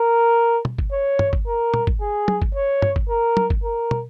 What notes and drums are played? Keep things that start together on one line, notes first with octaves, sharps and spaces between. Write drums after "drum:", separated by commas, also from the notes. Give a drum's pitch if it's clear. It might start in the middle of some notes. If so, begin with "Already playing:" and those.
Already playing: A#4
drum: tom
drum: kick
C#5
drum: tom
drum: kick
A#4
drum: tom
drum: kick
G#4
drum: tom
drum: kick
C#5
drum: tom
drum: kick
A#4
drum: tom
drum: kick
A#4
drum: tom